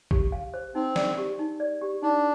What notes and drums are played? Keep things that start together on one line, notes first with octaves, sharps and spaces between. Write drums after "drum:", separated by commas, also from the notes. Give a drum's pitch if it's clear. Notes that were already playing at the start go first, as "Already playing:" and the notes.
G4, drum: kick G#1
F5
C5
C4 D#4
D5, drum: snare
G4
D#4
D5
G4
D4 D#4